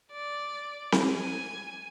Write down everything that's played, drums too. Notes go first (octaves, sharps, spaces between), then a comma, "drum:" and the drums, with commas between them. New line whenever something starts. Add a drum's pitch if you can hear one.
D5
drum: snare C4
G#5